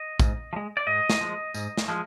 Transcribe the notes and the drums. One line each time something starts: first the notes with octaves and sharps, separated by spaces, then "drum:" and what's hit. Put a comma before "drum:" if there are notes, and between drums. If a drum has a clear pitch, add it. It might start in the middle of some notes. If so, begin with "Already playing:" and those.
Already playing: D#5
G#2, drum: kick, tambourine
F3
G#3
D5
G#2 D#5
drum: snare
F3 G#3
G#2, drum: tambourine
drum: snare
F3 G#3